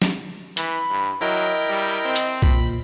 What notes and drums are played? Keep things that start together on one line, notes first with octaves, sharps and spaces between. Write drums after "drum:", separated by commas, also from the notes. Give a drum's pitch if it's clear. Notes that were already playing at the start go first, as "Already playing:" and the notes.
drum: snare
E3 B5, drum: hi-hat
G2
F#3 E4 A#4 D#5 G5
G3
C4
drum: hi-hat
A#2 B5, drum: kick B1